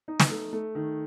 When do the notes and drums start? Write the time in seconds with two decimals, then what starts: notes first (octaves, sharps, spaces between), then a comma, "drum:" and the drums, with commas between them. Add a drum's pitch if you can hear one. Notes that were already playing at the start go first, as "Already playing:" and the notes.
0.08 D#4
0.20 drum: snare
0.30 A3
0.53 A3
0.75 D#3